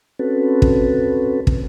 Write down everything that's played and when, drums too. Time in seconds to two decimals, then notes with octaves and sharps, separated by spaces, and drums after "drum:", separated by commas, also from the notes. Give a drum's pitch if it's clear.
0.19 C4 C#4 F#4 A4 B4
0.62 drum: kick
1.47 drum: kick